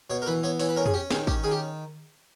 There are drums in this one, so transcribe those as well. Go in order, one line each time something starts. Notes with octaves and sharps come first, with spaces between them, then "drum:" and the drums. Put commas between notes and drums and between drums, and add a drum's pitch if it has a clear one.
B2 C#5
A#4
E3 B4
B3 C#5
E3 C#5, drum: open hi-hat
B4
C#4 A#4
G#4, drum: tom
C#4 G4
D#3 G#4, drum: snare
C#4 G4, drum: kick
D#3 G#4
G4